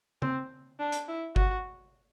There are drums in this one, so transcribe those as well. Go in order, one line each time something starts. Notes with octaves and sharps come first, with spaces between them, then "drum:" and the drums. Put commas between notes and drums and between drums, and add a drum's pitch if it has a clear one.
C4, drum: tom
D4
drum: hi-hat
E4
F#4, drum: kick G1